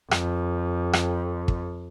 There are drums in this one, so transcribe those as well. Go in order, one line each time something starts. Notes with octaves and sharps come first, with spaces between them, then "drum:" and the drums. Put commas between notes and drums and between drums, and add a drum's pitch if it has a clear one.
F2, drum: rim click
drum: rim click
drum: kick